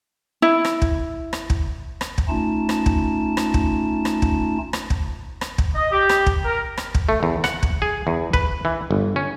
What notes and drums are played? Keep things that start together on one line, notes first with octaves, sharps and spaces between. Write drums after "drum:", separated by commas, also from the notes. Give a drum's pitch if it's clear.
E4
drum: rim click
drum: kick
drum: rim click
drum: kick
drum: rim click
drum: kick
A3 C#4 D#4 F4 A5
drum: rim click
drum: kick
drum: rim click
drum: kick
drum: rim click
drum: kick
drum: rim click
drum: kick
drum: rim click
drum: kick
D#5
G4
drum: rim click
drum: kick
A#4
drum: rim click
drum: kick
A3
E2
F#5, drum: rim click
drum: kick
G#4
E2
B4, drum: kick
E3
G1
C#4